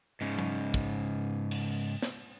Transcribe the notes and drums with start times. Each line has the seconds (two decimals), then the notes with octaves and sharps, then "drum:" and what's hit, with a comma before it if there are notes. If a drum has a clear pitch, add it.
0.21 G#2 C#3
0.39 drum: tom F#3
0.74 drum: kick
1.51 drum: cymbal
2.02 drum: snare